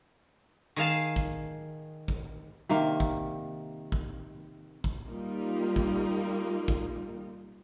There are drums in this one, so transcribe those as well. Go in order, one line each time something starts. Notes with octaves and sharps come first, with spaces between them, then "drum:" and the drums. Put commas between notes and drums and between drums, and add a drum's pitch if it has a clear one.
D#3 G#4 F5 A5
drum: kick
drum: kick
C3 D#3 A#3
drum: kick
drum: kick
drum: kick
G3 A#3 D#4 F4
drum: kick
drum: kick